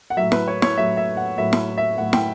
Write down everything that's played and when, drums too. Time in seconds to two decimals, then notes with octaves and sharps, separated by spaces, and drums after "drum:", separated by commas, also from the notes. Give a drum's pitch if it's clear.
0.10 F#5
0.17 A2 F#3 E5
0.32 B4, drum: snare
0.48 C#5
0.62 C#5, drum: snare
0.77 A2 F#3 E5
0.97 E5
1.17 F#5
1.38 A2 F#3 E5
1.53 drum: snare
1.78 E5
1.98 A2 F#3 F#5
2.13 G5, drum: snare